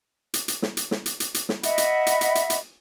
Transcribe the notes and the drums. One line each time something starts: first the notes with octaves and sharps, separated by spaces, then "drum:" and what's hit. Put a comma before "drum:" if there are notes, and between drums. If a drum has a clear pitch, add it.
drum: hi-hat
drum: hi-hat
drum: snare
drum: hi-hat
drum: snare
drum: hi-hat
drum: hi-hat
drum: hi-hat
drum: snare
D#5 E5 F#5 B5, drum: hi-hat
drum: hi-hat
drum: hi-hat
drum: hi-hat
drum: hi-hat
drum: hi-hat